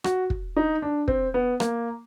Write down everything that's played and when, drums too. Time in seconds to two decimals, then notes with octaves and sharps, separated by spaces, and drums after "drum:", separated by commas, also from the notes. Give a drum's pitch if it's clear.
0.04 F#4, drum: rim click
0.30 drum: kick
0.57 D#4
0.82 D4
1.08 C4, drum: kick
1.34 B3
1.60 A#3, drum: rim click